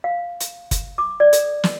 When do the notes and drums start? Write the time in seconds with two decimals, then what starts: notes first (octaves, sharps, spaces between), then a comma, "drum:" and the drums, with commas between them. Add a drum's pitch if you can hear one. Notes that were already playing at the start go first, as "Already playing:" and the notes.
0.04 F5
0.40 drum: hi-hat
0.71 drum: kick, hi-hat
0.98 D6
1.20 D5
1.33 A4, drum: hi-hat
1.64 drum: snare